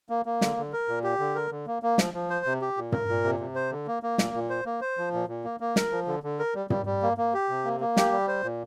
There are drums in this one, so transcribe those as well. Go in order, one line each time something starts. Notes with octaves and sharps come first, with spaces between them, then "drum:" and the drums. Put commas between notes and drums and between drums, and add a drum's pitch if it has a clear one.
A#3
A#3
D3, drum: snare
D3
A#4
A#2
G4
D3
A#4
D3
A#3
A#3
F3, drum: snare
F3
C5
C3
G4
A#2
A#4, drum: tom
A#2
C3
C3
C5
D3
A#3
A#3
A#2, drum: snare
A#2
C5
A#3
C5
F3
A#2
A#2
A#3
A#3
A#4, drum: snare
F3
D3
D3
A#4
G3
G3, drum: tom
G3
A#3
A#3
G4
C3
A#3
A#3
G4, drum: snare
G3
C5
A#2